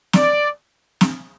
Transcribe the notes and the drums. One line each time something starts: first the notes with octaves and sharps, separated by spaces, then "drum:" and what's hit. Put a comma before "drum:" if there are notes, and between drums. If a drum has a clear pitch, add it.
D5, drum: snare
drum: snare